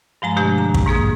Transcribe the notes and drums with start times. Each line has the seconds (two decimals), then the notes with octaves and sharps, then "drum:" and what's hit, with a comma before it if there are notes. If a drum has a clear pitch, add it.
0.22 G2 F3 G#3 A#5
0.36 B2 D3 G#3 A3 D4 G4
0.58 A#5
0.74 drum: kick
0.86 G#2 A#3 G#4 D#6